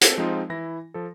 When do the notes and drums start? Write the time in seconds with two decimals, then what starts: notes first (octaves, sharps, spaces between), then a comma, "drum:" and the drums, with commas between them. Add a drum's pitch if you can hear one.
0.01 C4 A4, drum: hi-hat
0.18 F3 G#3 C4 D#4 F4
0.50 E3 E4 A#6
0.94 F3 A4